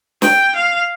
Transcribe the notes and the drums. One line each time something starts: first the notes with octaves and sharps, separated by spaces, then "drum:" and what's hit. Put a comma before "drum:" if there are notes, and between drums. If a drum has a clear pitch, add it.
G5, drum: snare
F5